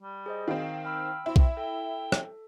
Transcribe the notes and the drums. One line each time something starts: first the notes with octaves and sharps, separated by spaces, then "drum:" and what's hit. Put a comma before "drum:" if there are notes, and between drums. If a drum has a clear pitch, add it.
G3
G#4 C5 D#5
D#3 C4 F5
F5 G5 B5 E6
C4 E4
drum: kick B1
A4 G5
drum: rim click